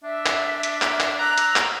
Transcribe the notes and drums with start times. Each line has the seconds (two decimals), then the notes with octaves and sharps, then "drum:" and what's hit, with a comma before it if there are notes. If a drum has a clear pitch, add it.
0.04 D4 E5
0.26 drum: clap
0.63 drum: hi-hat
0.82 drum: clap
1.00 drum: clap
1.19 A#5 E6 F#6
1.38 drum: hi-hat
1.56 drum: clap